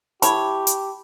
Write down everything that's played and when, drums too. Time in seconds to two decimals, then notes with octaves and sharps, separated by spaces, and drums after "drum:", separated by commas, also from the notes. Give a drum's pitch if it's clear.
0.22 E4 G4 C#5 A5 B5, drum: hi-hat
0.67 drum: hi-hat